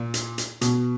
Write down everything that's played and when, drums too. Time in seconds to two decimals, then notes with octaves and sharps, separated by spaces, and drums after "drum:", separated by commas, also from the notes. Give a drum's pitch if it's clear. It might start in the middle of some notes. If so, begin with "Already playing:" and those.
Already playing: A#2
0.14 drum: hi-hat
0.38 drum: hi-hat
0.61 B2, drum: hi-hat